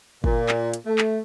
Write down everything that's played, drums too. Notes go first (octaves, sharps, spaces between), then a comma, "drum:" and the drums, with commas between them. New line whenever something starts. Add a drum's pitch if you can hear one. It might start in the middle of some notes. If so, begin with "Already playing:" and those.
A#2, drum: kick
drum: clap
drum: hi-hat
A3
drum: clap